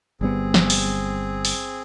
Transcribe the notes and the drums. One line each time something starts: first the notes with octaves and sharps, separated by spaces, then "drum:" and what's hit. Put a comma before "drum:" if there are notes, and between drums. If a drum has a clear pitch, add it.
G1 G3 B3 C4 G#4
drum: snare
drum: open hi-hat
drum: open hi-hat